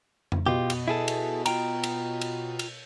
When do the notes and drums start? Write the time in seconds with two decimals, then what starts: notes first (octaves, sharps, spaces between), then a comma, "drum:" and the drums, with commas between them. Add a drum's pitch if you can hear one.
0.32 drum: tom F2
0.46 B2 F4 G4
0.70 drum: cymbal
0.88 E4 G#4 A4
1.08 drum: cymbal
1.46 F4 G5 A#5, drum: cymbal
1.83 drum: cymbal
2.21 drum: cymbal
2.59 drum: cymbal